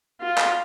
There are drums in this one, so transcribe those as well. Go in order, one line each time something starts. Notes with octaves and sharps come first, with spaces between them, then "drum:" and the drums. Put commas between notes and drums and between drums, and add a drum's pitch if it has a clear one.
F4
drum: clap